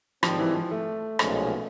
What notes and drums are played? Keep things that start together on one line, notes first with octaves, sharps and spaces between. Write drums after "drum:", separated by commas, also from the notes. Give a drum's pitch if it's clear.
G#2 D#3 F3 G3 C4, drum: rim click
E3
F3
A3
B1 A#2 F3 G#3 C#4, drum: rim click